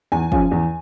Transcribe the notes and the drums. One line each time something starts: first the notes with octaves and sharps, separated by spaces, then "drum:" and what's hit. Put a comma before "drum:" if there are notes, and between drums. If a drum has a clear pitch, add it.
E2 G#5
C#3 F3, drum: kick
E2